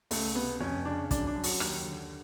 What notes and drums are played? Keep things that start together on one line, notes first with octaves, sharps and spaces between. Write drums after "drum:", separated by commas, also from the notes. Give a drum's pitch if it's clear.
C#2 A3, drum: open hi-hat
C3 B3
F2 C#4
C#3 D4
F#2 D4, drum: kick, hi-hat
D4
F#2
F#4, drum: open hi-hat
D#2, drum: rim click
D3